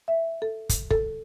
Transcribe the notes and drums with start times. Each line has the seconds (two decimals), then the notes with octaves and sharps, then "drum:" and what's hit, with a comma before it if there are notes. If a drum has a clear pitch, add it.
0.08 E5
0.42 A4
0.69 drum: kick, hi-hat
0.91 A4, drum: kick